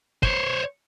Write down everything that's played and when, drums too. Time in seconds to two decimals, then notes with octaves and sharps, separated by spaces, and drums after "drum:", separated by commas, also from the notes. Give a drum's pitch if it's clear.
0.23 C5 C#5, drum: kick